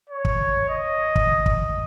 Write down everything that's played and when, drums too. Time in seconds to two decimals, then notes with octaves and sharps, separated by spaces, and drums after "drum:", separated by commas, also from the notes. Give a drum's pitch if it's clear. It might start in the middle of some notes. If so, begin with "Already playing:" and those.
0.10 C#5
0.25 drum: kick
0.69 D#5
1.16 drum: kick
1.46 drum: kick